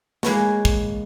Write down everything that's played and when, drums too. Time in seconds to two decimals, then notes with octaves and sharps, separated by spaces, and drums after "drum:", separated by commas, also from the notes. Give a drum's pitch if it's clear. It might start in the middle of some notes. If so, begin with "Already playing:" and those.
0.23 G#3 A#3 B4 C#5, drum: snare
0.65 drum: kick